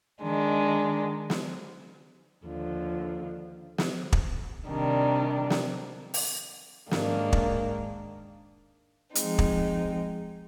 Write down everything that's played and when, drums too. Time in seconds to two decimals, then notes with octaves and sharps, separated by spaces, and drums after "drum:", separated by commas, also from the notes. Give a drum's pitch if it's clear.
0.22 D#3 G#3 D4
1.30 drum: snare
2.45 D#2 D3 F3
3.78 drum: snare
4.13 drum: kick
4.68 C3 D#3 G3 D4
5.50 drum: snare
6.14 drum: open hi-hat
6.91 G#2 D#3 A#3 D4, drum: snare
7.33 drum: kick
9.15 F3 G#3 C4 D#4, drum: hi-hat
9.39 drum: kick